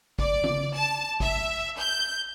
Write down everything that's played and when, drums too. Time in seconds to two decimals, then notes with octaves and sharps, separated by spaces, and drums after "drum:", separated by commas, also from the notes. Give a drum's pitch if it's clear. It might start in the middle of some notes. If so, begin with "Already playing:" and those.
0.19 D5, drum: kick
0.44 drum: tom C#3
0.75 A5
1.20 E5, drum: kick
1.79 G6